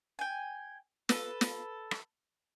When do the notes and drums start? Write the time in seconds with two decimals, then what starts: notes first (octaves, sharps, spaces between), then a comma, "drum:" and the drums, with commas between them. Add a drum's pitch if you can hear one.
0.19 G5 G#5
1.09 A4 B4, drum: snare
1.41 drum: snare
1.91 drum: rim click